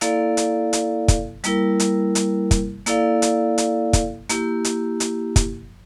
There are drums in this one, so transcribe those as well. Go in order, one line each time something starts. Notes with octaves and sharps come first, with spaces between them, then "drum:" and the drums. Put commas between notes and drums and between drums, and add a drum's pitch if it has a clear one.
A#3 E4 A4 D5 F5, drum: hi-hat
drum: hi-hat
drum: hi-hat
drum: kick, hi-hat
G3 A#3 E4 A#4, drum: hi-hat
drum: hi-hat
drum: hi-hat
drum: kick, hi-hat
A#3 E4 A4 D5 F5, drum: hi-hat
drum: hi-hat
drum: hi-hat
drum: kick, hi-hat
A#3 E4 G4, drum: hi-hat
drum: hi-hat
drum: hi-hat
drum: kick, hi-hat